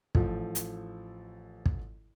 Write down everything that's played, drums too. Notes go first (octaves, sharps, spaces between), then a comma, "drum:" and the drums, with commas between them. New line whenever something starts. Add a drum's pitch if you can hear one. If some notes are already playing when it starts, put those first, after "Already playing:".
A1 F3 A4, drum: kick
drum: hi-hat
drum: kick